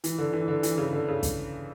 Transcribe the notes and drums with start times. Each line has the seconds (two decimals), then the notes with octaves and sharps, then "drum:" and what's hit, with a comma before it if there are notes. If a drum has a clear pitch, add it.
0.04 E3, drum: hi-hat
0.18 D3
0.33 E3
0.48 D3
0.63 E3, drum: hi-hat
0.78 C#3
0.93 D3
1.08 C#3
1.23 drum: kick, hi-hat